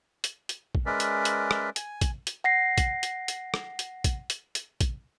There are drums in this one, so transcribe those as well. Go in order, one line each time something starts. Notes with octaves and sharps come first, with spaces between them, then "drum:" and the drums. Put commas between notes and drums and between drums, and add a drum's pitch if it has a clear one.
drum: hi-hat
drum: hi-hat
drum: kick
G#3 C#4 A#4 B4 D5 E5
drum: hi-hat
drum: hi-hat
drum: rim click
G#5, drum: hi-hat
drum: kick, hi-hat
drum: hi-hat
F#5 A#6 C7
drum: kick, hi-hat
drum: hi-hat
drum: hi-hat
drum: rim click
drum: hi-hat
drum: kick, hi-hat
drum: hi-hat
drum: hi-hat
drum: kick, hi-hat